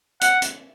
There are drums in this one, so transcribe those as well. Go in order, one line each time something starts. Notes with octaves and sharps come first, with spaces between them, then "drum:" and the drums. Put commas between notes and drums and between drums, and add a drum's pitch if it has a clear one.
F#5, drum: hi-hat
drum: hi-hat